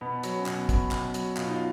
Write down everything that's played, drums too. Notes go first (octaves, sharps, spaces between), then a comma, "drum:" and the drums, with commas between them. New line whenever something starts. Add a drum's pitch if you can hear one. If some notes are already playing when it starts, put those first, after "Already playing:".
B2 B3
F#3, drum: hi-hat
C#4
B2, drum: clap
B3, drum: kick, hi-hat
B2, drum: clap
F#3, drum: hi-hat
B2 F4, drum: clap
D#4
F4